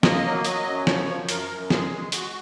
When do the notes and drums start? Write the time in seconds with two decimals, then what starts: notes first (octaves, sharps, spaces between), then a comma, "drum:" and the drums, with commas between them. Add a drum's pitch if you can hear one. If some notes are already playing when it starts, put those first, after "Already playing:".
0.03 A#3 D#5, drum: snare
0.25 F#3
0.45 F#3 D#5, drum: hi-hat
0.66 F#2
0.87 F3 C#5, drum: snare
1.08 F3
1.29 F#2 A#4, drum: hi-hat
1.50 F#2
1.70 G#3 G#4, drum: snare
1.91 G#3
2.12 G#3 F#4, drum: hi-hat